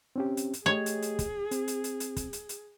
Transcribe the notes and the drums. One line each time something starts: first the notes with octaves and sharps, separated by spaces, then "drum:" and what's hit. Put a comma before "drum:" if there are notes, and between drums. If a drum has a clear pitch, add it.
C4 C#4 G4
drum: hi-hat
drum: hi-hat
A3 G4 G#4 C#5 D#5
drum: hi-hat
drum: hi-hat
drum: kick, hi-hat
C4, drum: hi-hat
drum: hi-hat
drum: hi-hat
drum: hi-hat
drum: kick, hi-hat
drum: hi-hat
drum: hi-hat